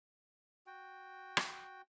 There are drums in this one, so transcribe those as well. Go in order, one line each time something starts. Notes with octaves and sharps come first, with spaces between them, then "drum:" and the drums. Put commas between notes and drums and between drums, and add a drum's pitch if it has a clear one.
F#4 G5
drum: rim click